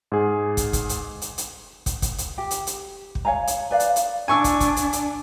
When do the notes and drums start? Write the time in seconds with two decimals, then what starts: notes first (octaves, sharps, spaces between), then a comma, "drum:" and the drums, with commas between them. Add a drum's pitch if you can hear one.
0.12 G#2 G#4
0.57 drum: kick, hi-hat
0.73 drum: kick, hi-hat
0.89 drum: hi-hat
1.22 drum: hi-hat
1.38 drum: hi-hat
1.86 drum: kick, hi-hat
2.02 drum: kick, hi-hat
2.18 drum: hi-hat
2.38 G4
2.51 drum: hi-hat
2.67 drum: hi-hat
3.15 drum: kick
3.25 C#5 F5 G#5 A#5
3.47 drum: hi-hat
3.71 B4 D5 F5
3.80 drum: hi-hat
3.96 drum: hi-hat
4.28 D4 G#5 C#6 E6
4.44 drum: kick, hi-hat
4.60 drum: kick, hi-hat
4.77 drum: hi-hat
4.93 drum: hi-hat